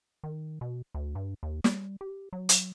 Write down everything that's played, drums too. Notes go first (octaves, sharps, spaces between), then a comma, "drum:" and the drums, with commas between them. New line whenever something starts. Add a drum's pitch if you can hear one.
D#3
B2
D2
G2
D#2
G3, drum: snare
G4
F#3
drum: hi-hat